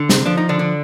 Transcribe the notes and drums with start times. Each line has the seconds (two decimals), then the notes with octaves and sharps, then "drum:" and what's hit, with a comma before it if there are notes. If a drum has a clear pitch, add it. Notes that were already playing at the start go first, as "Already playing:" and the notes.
Already playing: D3
0.09 C3 C4, drum: snare
0.26 F3 D4
0.38 D#4
0.49 D3 D4
0.59 D3